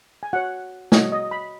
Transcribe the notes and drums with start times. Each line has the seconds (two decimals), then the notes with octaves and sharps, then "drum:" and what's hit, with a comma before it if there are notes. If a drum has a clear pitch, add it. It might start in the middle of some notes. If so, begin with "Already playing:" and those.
0.23 G#5
0.33 F#4 C#5 F#5
0.92 F#4 C#5 D#5, drum: snare
1.12 D#5
1.31 B5